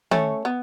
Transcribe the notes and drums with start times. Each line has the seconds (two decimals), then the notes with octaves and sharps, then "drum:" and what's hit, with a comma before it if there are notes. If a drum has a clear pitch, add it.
0.11 A3 C#4, drum: tom D#3
0.45 B3